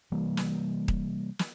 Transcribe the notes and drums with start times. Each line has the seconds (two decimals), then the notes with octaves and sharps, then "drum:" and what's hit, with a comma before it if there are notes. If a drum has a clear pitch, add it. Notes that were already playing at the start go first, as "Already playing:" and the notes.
0.12 C3 E3 G3 A#3
0.37 drum: snare
0.88 drum: kick D#1
1.39 drum: snare